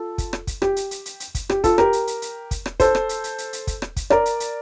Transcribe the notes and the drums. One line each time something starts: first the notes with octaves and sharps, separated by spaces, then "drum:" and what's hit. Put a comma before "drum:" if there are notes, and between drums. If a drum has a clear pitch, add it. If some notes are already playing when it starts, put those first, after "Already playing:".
Already playing: F4 A4
drum: kick, hi-hat
drum: rim click
drum: kick, hi-hat
G4, drum: rim click
drum: hi-hat
drum: hi-hat
drum: hi-hat
drum: hi-hat
drum: kick, hi-hat
G4, drum: rim click
F4 A4, drum: kick, hi-hat
G4 A#4, drum: rim click
drum: hi-hat
drum: hi-hat
drum: hi-hat
drum: kick, hi-hat
drum: rim click
A4 C5, drum: kick, hi-hat
drum: rim click
drum: hi-hat
drum: hi-hat
drum: hi-hat
drum: hi-hat
drum: kick, hi-hat
drum: rim click
drum: kick, hi-hat
A#4 D5, drum: rim click
drum: hi-hat
drum: hi-hat